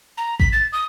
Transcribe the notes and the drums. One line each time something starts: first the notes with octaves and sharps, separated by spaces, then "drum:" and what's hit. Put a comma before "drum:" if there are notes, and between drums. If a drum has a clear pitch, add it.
A#5
B6, drum: kick A1
A6
D#6